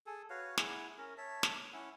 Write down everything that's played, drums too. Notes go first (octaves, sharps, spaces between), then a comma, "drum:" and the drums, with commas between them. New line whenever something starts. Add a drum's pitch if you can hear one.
G#4 A4
F#4 B4 C#5 F5
E4 G#4 F#5, drum: snare
C#4 A#4
C#5 E5 A5
drum: snare
C#4 E4 F#5